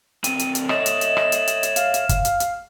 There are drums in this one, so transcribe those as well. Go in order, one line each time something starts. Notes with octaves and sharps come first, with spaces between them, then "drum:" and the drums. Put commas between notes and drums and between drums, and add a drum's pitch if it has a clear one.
D2 C4 D#7, drum: hi-hat
drum: hi-hat
drum: hi-hat
C#5 D#5 E5 E7, drum: rim click
drum: hi-hat
drum: hi-hat
drum: rim click
drum: hi-hat
drum: hi-hat
drum: hi-hat
F5, drum: hi-hat
drum: hi-hat
drum: kick, hi-hat
drum: hi-hat
drum: hi-hat